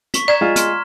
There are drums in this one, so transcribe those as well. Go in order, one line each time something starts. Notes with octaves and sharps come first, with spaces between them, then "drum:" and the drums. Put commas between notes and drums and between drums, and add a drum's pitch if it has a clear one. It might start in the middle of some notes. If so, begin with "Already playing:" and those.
C#6 B6, drum: hi-hat
D5 A#5 G#6 E7
G#3 F4
C6 F6, drum: hi-hat